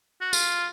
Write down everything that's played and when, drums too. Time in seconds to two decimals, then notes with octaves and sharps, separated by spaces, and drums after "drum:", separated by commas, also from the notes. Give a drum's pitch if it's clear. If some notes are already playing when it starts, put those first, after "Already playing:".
0.21 F#4
0.33 F4, drum: tambourine